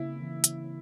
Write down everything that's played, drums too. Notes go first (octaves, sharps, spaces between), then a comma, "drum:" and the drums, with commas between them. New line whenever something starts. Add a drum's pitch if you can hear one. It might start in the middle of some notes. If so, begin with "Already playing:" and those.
Already playing: C#3 A#3 E4
E3
drum: hi-hat